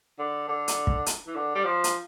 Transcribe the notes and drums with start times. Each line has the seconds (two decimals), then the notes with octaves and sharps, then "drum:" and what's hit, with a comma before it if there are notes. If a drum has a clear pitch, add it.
0.19 D3
0.49 D3
0.68 drum: hi-hat
0.87 drum: kick
1.06 drum: hi-hat
1.27 E3
1.36 D3
1.55 G3
1.64 F3
1.84 drum: hi-hat